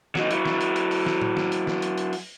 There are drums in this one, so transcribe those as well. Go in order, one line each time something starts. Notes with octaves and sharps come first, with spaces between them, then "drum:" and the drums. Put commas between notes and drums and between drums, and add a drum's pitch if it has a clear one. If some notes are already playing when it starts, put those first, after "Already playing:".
F#3 D#4, drum: snare
F#3 E4, drum: hi-hat
drum: snare
drum: hi-hat
drum: hi-hat
drum: open hi-hat
drum: snare
drum: tom A2
drum: snare
drum: hi-hat
drum: snare
drum: hi-hat
drum: hi-hat
drum: open hi-hat